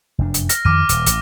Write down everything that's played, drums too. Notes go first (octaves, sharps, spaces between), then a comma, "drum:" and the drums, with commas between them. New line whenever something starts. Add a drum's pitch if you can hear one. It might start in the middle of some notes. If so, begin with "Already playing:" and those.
F1 F#2 D4
drum: hi-hat
F6 A#6, drum: hi-hat
F2 D#3 D6 F6 D#7
D#1, drum: hi-hat
A1, drum: hi-hat